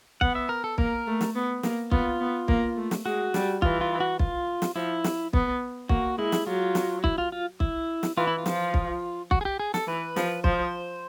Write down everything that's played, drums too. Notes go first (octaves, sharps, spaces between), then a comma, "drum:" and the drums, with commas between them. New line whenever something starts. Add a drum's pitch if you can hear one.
B3 F#5, drum: kick
E5
A#4
A4
A#3 A#4, drum: kick
A3
drum: snare
B3
A#3, drum: snare
B3 F4, drum: kick
B3
A#3, drum: kick
A3
drum: snare
G#3 F#4
G3, drum: snare
E3 F4, drum: kick
F4
F#4
F4, drum: kick
drum: snare
F3 E4
drum: snare
B3, drum: kick
A#3 F#4, drum: kick
G#3 E4
drum: snare
F#3 F4
drum: snare
E4, drum: kick
F4
F4
E4, drum: kick
drum: snare
E3 F4
E4
F4
F3, drum: snare
drum: kick
F#4, drum: kick
G#4
G4
G#4
A4, drum: snare
E3 B4
F3, drum: snare
F3 C5, drum: kick